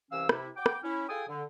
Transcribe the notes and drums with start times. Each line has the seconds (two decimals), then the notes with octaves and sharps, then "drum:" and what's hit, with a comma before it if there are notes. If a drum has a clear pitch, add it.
0.11 C2 C3 E3 C#4 F5 E6
0.29 C3 E4, drum: rim click
0.57 F#4 G5 D6
0.66 drum: rim click
0.83 C#4 E4
1.09 F4 G#4 A4 G5 G#5 D#6
1.28 D3